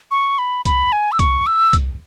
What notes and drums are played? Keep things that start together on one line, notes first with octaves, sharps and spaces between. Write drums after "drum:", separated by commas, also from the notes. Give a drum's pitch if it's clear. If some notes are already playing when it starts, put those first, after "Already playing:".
C#6
B5
B5, drum: kick C2, hi-hat
G#5
E6
C#6, drum: kick C2, hi-hat
E6
drum: kick C2, hi-hat